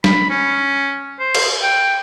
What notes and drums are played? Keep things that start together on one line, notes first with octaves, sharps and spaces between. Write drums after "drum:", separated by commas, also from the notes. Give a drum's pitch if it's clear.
B5, drum: snare
C#4
C5
drum: cymbal
G5